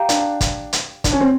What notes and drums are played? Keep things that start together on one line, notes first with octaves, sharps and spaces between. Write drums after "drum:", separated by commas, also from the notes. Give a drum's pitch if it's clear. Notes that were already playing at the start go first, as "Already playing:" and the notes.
Already playing: G4 F5 A#5
D4, drum: hi-hat
drum: kick, hi-hat
drum: hi-hat
D4, drum: kick, hi-hat
C#4
C4